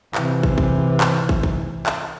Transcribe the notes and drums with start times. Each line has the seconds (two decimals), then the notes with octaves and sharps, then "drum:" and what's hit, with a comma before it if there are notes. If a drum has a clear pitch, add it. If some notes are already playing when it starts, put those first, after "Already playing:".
0.15 C3 E3, drum: clap
0.43 drum: kick
0.58 drum: kick
1.01 drum: clap
1.29 drum: kick
1.43 drum: kick
1.86 drum: clap